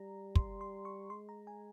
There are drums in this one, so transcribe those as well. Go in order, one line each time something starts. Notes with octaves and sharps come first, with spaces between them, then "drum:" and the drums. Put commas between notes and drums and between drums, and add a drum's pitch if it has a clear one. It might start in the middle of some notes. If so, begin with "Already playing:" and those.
Already playing: G3 A#5
C6, drum: kick
C6
C#6
G#3 C6
A#5
G#5